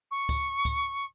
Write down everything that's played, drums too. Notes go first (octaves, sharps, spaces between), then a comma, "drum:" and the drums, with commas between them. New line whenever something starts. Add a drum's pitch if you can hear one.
C#6
drum: kick C#2, tambourine
drum: kick C#2, tambourine